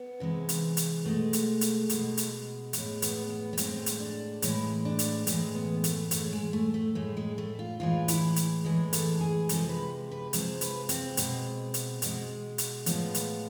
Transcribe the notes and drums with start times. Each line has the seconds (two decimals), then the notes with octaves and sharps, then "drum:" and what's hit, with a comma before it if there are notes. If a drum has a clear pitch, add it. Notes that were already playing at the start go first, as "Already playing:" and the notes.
Already playing: B3
0.20 C3 E3 G#3
0.49 drum: hi-hat
0.77 drum: hi-hat
1.05 B2 G#3 A3
1.33 drum: hi-hat
1.61 drum: hi-hat
1.89 B2 G#3, drum: hi-hat
2.17 drum: hi-hat
2.73 A2 G#3, drum: hi-hat
3.02 B3, drum: hi-hat
3.30 B3
3.53 B3
3.57 A2 G#3 C4, drum: hi-hat
3.86 drum: hi-hat
4.00 D4
4.42 A2 E3 G#3 E4, drum: hi-hat
4.85 D4
4.99 drum: hi-hat
5.27 A2 E3 G#3 A3, drum: hi-hat
5.55 B3
5.84 A3, drum: hi-hat
6.11 A2 G#3 A3, drum: hi-hat
6.33 G#3
6.53 A3
6.74 A3
6.95 A2 G#3 A3
7.17 G#3
7.38 A3
7.59 F4
7.80 A2 E3 G#3 F4
8.08 E4, drum: hi-hat
8.36 drum: hi-hat
8.65 A2 E3 G#3 G#4
8.93 A4, drum: hi-hat
9.21 G#4
9.49 C3 F3 G#3 A4, drum: hi-hat
9.69 B4
10.11 B4
10.33 C3 F3 G#3 C5, drum: hi-hat
10.61 B4, drum: hi-hat
10.89 C4, drum: hi-hat
11.17 B2 G#3, drum: hi-hat
11.74 drum: hi-hat
12.02 B2 G#3, drum: hi-hat
12.58 drum: hi-hat
12.86 A2 F3 G#3 B3, drum: hi-hat
13.14 drum: hi-hat